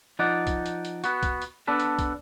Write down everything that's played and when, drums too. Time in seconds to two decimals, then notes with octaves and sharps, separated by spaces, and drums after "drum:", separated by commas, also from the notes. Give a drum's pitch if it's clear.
0.19 F3 D#4 D5 F#5
0.47 drum: kick, hi-hat
0.66 drum: hi-hat
0.85 drum: hi-hat
1.04 B3 F#4, drum: hi-hat
1.23 drum: kick, hi-hat
1.42 drum: hi-hat
1.67 B3 D4 A4 B4
1.80 drum: hi-hat
1.99 drum: kick, hi-hat